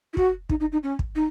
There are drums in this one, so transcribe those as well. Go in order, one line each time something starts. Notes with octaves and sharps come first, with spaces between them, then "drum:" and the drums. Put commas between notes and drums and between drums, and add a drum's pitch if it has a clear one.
E4
F#4, drum: kick
D#4, drum: kick
D#4
D#4
C#4
drum: kick
D#4